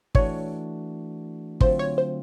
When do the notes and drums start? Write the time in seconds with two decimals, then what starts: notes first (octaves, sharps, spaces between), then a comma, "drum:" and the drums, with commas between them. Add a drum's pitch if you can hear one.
0.15 E3 A3 D4 F#4 C#5, drum: kick
1.60 D3 F#3 A3 C4 F4 C5, drum: kick
1.79 C#5
1.98 C5